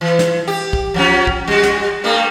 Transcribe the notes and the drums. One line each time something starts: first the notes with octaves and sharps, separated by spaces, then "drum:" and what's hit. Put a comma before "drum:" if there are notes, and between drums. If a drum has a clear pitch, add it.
E3
drum: snare
G4
drum: kick
F3 F#3 C#4
drum: kick
G3 F#4
drum: snare
G2 G3 A3